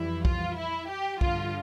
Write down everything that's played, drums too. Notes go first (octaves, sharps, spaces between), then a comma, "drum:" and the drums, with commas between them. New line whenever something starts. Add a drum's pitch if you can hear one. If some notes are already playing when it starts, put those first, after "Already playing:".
Already playing: F2 E3 G3 E4
F4, drum: kick B1
E4
G4
G2 D3 F3 F4, drum: kick B1